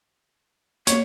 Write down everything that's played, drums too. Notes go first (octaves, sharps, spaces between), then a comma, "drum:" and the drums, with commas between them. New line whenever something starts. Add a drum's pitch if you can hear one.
A#3 C#5, drum: hi-hat